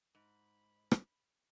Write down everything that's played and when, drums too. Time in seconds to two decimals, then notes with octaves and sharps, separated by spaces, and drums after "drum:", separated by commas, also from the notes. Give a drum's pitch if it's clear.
0.15 G#2 B5
0.91 drum: rim click